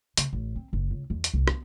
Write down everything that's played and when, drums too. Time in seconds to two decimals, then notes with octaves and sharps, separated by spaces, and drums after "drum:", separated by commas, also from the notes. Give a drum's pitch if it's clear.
0.17 C#3, drum: hi-hat
0.33 A1
0.56 C4
0.73 F#1
0.91 C#2
1.10 E2
1.24 drum: hi-hat
1.34 C2
1.48 B3, drum: rim click